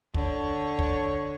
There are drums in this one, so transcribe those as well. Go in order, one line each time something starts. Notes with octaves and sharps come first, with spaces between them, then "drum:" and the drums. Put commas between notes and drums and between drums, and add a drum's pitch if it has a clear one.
D3 C#5, drum: kick
drum: kick